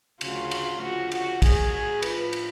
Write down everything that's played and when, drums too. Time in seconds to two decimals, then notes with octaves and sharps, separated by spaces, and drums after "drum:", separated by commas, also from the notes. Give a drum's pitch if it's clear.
0.21 D2 C#3 F#3 F4, drum: cymbal
0.51 drum: cymbal
0.82 D2 C#3 F3 F#4
1.12 F#4, drum: cymbal
1.42 A2 F#3 G#4, drum: kick, cymbal
1.72 G#4
2.02 A2 F3 B4, drum: cymbal
2.33 drum: cymbal